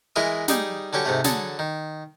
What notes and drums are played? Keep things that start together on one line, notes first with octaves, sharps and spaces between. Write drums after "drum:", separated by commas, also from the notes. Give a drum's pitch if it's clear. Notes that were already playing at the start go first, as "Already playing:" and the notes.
E3 G#3 E4 A#4 A#5 D#6
G3 D#4 G4 G#4, drum: snare
D3 F#3 C#4 G4 C#5
G#2 C3 A3
D3 F#3 G#4 A4 A5, drum: snare
D#3